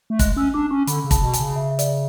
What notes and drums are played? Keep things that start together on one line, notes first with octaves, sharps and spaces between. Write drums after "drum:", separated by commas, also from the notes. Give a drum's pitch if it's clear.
A3
G#3 F#6, drum: kick, hi-hat
C#4 E6
D4 D6
C#4 C#6
D3 B5, drum: hi-hat
C#3
A5, drum: kick, hi-hat
B2 A5
G#5, drum: hi-hat
C#3
E5
E5
D5, drum: hi-hat